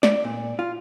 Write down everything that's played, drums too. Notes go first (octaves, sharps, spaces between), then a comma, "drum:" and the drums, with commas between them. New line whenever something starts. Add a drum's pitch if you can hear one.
D5, drum: snare
A#2
F4